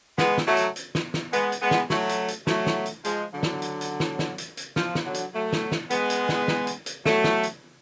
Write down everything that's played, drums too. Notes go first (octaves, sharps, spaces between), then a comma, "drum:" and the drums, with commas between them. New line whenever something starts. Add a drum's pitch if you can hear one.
G#3 B3, drum: snare
drum: snare
F#3 A3
drum: hi-hat
drum: hi-hat
drum: snare
drum: snare
G#3 B3, drum: hi-hat
drum: hi-hat
G#3 B3
drum: snare
F#3 A3, drum: snare
drum: hi-hat
drum: hi-hat
F#3 A3, drum: snare
drum: snare
drum: hi-hat
F3 G#3, drum: hi-hat
D3 F#3
drum: snare
drum: hi-hat
drum: hi-hat
drum: snare
drum: snare
drum: hi-hat
drum: hi-hat
F3, drum: snare
drum: snare
D3 F#3
drum: hi-hat
F#3 A3
drum: snare
drum: snare
G#3 B3, drum: hi-hat
drum: hi-hat
drum: snare
drum: snare
drum: hi-hat
drum: hi-hat
F#3 A3, drum: snare
drum: snare
drum: hi-hat